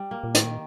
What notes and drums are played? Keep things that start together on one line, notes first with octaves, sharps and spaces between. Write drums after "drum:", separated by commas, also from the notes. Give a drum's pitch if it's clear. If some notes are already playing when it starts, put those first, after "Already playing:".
Already playing: G3
A#3
A#2
A2 D#3, drum: hi-hat
A#2